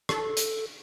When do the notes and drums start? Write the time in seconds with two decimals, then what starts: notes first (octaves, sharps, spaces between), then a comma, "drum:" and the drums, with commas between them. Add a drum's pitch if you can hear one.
0.09 A4, drum: rim click
0.37 drum: hi-hat